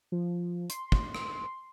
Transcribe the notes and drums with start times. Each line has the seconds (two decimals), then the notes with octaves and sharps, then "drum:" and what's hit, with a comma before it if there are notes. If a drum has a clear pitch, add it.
0.12 F3
0.70 C6, drum: hi-hat
0.92 drum: kick
1.15 drum: rim click